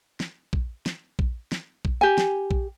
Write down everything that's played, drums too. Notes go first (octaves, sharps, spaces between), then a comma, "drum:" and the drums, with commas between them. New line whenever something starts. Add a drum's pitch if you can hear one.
drum: snare
drum: kick A#1
drum: snare
drum: kick A#1
drum: snare
drum: kick A#1
G4 G#5
drum: snare
drum: kick A#1